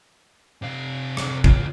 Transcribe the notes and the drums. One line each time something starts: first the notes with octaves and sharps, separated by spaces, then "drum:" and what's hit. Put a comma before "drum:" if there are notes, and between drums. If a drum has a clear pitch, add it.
C3 F5
drum: rim click
E2 C#3 F4, drum: kick